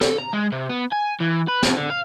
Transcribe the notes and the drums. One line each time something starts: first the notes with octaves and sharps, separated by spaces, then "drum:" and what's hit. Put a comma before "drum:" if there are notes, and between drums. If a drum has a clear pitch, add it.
A4, drum: snare
A#5
G#3
C3
B3
G#5
E3
B4
F2, drum: snare
D3
F5